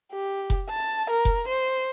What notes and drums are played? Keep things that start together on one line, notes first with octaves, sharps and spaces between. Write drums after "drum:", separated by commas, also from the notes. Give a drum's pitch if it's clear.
G4
drum: kick F1
A5
A#4
drum: kick F1
C5